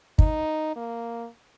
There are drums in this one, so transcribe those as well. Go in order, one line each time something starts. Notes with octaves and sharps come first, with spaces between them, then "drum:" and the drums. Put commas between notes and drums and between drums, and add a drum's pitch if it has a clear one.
D#4, drum: kick
A#3